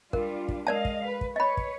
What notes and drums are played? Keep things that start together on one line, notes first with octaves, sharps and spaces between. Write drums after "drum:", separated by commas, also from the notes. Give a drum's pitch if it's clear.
G3 D4 F4 A#4, drum: kick
drum: kick
G#3 A#4 D5 D#5 F5 A5
drum: kick
B4
drum: kick
B4 C#5 D#5 B5
drum: kick